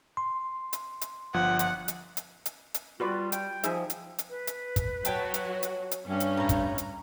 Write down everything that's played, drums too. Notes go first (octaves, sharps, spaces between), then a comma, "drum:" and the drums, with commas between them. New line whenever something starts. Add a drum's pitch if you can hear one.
C6
drum: hi-hat
drum: hi-hat
G1 F3 F#5
drum: hi-hat
drum: hi-hat
drum: hi-hat
drum: hi-hat
drum: hi-hat
G3 F4 F#4 B4 D5
G5, drum: hi-hat
F3 D#4 G#4 E5, drum: hi-hat
drum: hi-hat
drum: hi-hat
B4
drum: hi-hat
drum: kick, hi-hat
F#3 F#4 C#5 G5 A5, drum: hi-hat
drum: hi-hat
drum: hi-hat
drum: hi-hat
G2 C#4
drum: hi-hat
A2 C#5 A#5
drum: kick, hi-hat
drum: hi-hat